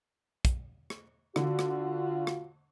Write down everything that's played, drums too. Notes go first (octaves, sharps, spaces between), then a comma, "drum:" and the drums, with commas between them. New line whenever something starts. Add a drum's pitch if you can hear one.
drum: kick, hi-hat
drum: rim click
D3 F4 F#4, drum: rim click
drum: rim click
drum: rim click